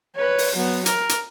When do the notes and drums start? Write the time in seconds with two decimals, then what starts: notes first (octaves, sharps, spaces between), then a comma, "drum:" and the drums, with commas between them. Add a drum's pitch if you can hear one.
0.16 B4 C#5
0.38 drum: open hi-hat
0.56 F#3 B3
0.86 A#4, drum: hi-hat
1.09 drum: hi-hat